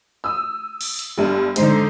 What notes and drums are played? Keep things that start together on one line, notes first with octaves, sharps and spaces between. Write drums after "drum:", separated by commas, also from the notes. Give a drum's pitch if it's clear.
D#6 E6
drum: cymbal
drum: hi-hat
G1 G2
G#2 D3 D#4 C5, drum: hi-hat